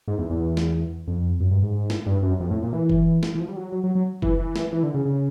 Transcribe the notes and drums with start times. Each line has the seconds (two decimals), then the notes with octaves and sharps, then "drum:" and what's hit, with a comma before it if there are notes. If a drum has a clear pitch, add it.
0.08 G#2
0.18 E2
0.30 E2
0.57 drum: snare A3
1.08 F2
1.40 F#2
1.51 G2
1.63 G#2
1.90 drum: snare A3
2.06 G2
2.23 F#2
2.40 F2
2.51 A2
2.62 A#2
2.73 E3
2.90 drum: kick
3.23 drum: snare A3
3.35 E3
3.40 F3
3.48 G3
3.56 F#3
3.72 F#3
3.84 F#3
3.95 F#3
4.22 E3, drum: kick
4.39 E3
4.56 drum: snare A3
4.72 E3
4.83 D3
4.94 C#3
5.05 C#3